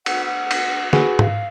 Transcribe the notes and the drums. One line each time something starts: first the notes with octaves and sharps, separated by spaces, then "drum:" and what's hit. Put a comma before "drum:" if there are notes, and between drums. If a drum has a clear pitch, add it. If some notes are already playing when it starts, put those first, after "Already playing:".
F#5, drum: cymbal
F#5
drum: cymbal
F#4 G#4 B4, drum: snare
F5, drum: tom G#2